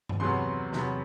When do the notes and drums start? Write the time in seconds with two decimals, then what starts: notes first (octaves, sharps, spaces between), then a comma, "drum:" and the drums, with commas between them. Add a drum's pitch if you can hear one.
0.09 drum: tom G2
0.20 E2 C3 F#3 B3 C6
0.73 E2 C3 F#3 B3, drum: snare